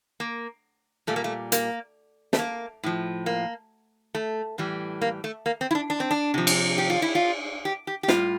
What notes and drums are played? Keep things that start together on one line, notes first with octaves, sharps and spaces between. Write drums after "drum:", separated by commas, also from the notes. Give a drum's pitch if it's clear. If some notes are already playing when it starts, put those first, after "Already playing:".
A#3
A#2 G3 A3
A#3
A3
A#3, drum: hi-hat
A3, drum: snare
A#3
A2 F3
A#3
A3
A2 E3 G3
A#3
A3
A#3
C4
E4
D4
D4
C4
D4
C3 F3
drum: cymbal
G4
F4
E4
F4
G4
G4
G4
A2 G3 F4, drum: snare